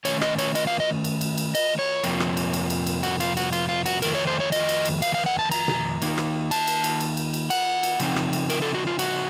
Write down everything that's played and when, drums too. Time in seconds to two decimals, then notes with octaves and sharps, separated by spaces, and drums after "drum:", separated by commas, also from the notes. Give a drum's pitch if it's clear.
0.05 D#3 A3 C#4 C#5, drum: cymbal
0.21 D#5, drum: rim click
0.38 C#5, drum: cymbal
0.55 D#5, drum: cymbal
0.67 F5
0.80 D#5
1.04 drum: cymbal
1.21 drum: cymbal
1.38 drum: cymbal
1.55 D#5, drum: cymbal
1.79 C#5
2.03 F2 C3 F3 A#3, drum: cymbal
2.20 drum: rim click
2.37 drum: cymbal
2.53 drum: cymbal
2.70 drum: cymbal
2.87 drum: cymbal
3.03 F#4, drum: cymbal
3.20 F4, drum: cymbal
3.37 F#4, drum: cymbal
3.53 F4, drum: cymbal
3.69 F4
3.86 F#4, drum: cymbal
4.02 F2 D#3 A3 A#4, drum: cymbal
4.15 C#5
4.27 C5
4.40 C#5
4.52 D#5, drum: cymbal
4.69 drum: cymbal
4.85 drum: cymbal
5.02 F5, drum: cymbal
5.14 F5
5.26 F#5
5.39 A5
5.51 A#5, drum: cymbal
5.68 drum: tom B2
6.02 D#3 A#3 D#4, drum: cymbal
6.18 drum: rim click
6.51 A5, drum: cymbal
6.67 drum: cymbal
6.84 drum: cymbal
7.00 drum: cymbal
7.17 drum: cymbal
7.33 drum: cymbal
7.50 F#5, drum: cymbal
7.83 drum: cymbal
8.00 C#3 F3 C4 D#4, drum: cymbal
8.16 drum: rim click
8.33 drum: cymbal
8.50 A#4, drum: cymbal
8.62 A4
8.74 F#4
8.87 F4
8.99 F#4, drum: cymbal